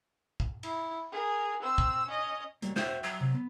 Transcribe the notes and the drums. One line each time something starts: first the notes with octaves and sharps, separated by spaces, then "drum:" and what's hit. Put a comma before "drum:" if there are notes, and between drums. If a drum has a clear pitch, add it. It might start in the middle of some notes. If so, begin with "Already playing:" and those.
drum: kick
E4, drum: cymbal
G#4 A#4
C4 E6
drum: kick
C#4 D#5
F#3 G3 A#3, drum: hi-hat
F#4 C5 E5 G5, drum: snare
F#3
C3
B3